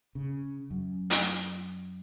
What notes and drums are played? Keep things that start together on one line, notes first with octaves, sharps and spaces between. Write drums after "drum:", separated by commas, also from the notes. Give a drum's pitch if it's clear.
C#3
F#2
drum: hi-hat